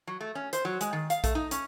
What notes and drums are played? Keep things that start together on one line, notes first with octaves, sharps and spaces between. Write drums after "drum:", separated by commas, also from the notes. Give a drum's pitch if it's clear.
F#3
A3
C#4
C5, drum: hi-hat
F#3
G#3, drum: hi-hat
D#3
F5, drum: hi-hat
A3, drum: kick, hi-hat
D#4
C#4, drum: hi-hat